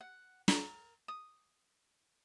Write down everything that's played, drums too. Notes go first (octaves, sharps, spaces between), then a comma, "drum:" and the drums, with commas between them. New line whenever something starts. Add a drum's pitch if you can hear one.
F#5
A#4, drum: snare
D#6